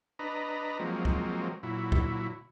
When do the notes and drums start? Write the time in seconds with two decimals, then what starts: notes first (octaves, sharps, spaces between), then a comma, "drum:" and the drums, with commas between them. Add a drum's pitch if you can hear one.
0.19 D4 B4 D#5 A#5
0.79 F3 F#3 G#3 A#3 C4
1.05 drum: kick
1.63 A#2 F#3 E4
1.92 drum: kick